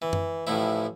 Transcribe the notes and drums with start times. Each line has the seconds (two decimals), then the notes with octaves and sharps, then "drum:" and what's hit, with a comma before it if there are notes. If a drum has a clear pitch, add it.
0.02 E3
0.13 drum: tom F#2
0.47 A1 A2 F3 E4